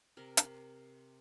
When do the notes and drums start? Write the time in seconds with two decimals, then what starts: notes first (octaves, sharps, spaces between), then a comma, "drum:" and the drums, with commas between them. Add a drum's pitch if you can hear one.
0.17 C3 A#4
0.37 drum: hi-hat